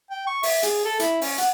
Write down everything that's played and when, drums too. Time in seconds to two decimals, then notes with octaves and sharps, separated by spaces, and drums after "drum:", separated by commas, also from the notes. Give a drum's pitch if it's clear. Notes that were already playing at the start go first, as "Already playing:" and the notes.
0.10 G5
0.27 C#6
0.43 E5, drum: open hi-hat
0.63 G#4, drum: hi-hat
0.85 A4
1.00 E4, drum: hi-hat
1.21 C#4, drum: open hi-hat
1.38 F#5, drum: hi-hat